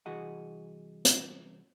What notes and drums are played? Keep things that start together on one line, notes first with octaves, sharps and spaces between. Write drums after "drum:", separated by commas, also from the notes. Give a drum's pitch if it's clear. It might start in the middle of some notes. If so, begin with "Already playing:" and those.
C2 E3 F#4 G#4 D#5 F#5
drum: hi-hat